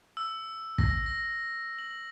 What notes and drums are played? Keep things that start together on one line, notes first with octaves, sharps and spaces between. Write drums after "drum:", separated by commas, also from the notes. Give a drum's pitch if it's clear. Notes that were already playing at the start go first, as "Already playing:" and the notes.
E6
A#6, drum: kick
A#6
F#7